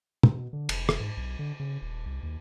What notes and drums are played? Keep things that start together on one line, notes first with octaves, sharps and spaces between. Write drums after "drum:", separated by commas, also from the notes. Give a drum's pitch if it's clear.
C3, drum: tom
B2
D3
F1, drum: cymbal
drum: rim click
G#2
B1
D3
C#3
D#1
C2
D#2